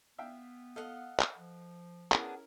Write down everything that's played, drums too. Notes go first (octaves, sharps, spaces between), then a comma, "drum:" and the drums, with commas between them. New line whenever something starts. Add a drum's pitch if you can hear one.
B3 E5 F5 G5
A4 D#5 F5 F#5
drum: clap
F3
B3 C#4 D4 E4 G#4 A#4, drum: clap